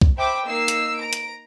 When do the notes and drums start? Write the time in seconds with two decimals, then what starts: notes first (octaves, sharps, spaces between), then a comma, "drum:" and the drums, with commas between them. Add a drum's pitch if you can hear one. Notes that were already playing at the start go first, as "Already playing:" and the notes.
0.01 drum: kick C2
0.17 C5 E5 G5 B5 D6
0.46 A#3 D#4 E6 C7
0.68 drum: hi-hat
0.97 A#5 D7
1.13 drum: hi-hat